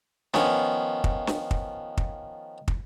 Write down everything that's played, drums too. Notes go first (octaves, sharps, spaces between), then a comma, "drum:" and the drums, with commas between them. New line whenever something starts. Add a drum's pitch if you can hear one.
D#3 F3 B3 C#4, drum: snare
drum: kick
drum: snare
drum: kick
drum: kick
drum: kick